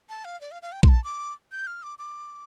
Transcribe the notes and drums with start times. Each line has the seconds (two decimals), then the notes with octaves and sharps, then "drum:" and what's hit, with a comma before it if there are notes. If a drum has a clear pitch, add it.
0.09 A5
0.25 F5
0.41 D5
0.51 F5
0.62 F5
0.72 G5
0.83 C6, drum: kick A#1
0.89 A5
1.04 D6
1.52 G6
1.67 F6
1.83 D6
1.99 D6